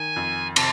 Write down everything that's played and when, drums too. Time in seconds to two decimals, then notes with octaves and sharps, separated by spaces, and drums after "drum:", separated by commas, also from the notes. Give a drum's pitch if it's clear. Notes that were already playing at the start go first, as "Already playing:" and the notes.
Already playing: D#3 G#5
0.16 F2
0.56 C3 A5, drum: cymbal